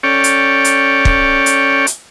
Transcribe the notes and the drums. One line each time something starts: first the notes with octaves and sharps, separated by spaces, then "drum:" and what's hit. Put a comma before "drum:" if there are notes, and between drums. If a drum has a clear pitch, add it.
C#4 A4 C#5 D5 G5
drum: hi-hat
drum: hi-hat
drum: kick
drum: hi-hat
drum: hi-hat